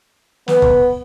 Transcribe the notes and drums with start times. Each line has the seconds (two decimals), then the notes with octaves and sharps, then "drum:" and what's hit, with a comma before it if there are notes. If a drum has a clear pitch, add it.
0.48 B3, drum: snare
0.62 drum: kick